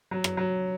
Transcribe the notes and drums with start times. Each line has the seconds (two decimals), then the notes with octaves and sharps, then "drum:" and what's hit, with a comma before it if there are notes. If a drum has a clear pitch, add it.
0.11 F#3
0.24 drum: rim click
0.37 F#3